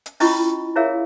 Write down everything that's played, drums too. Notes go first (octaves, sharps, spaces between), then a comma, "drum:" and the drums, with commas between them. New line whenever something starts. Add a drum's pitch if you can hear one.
drum: hi-hat
C#4 E4 F4 D#5 B5 C#6, drum: open hi-hat
E4 G#4 A#4 C#5 E5 F5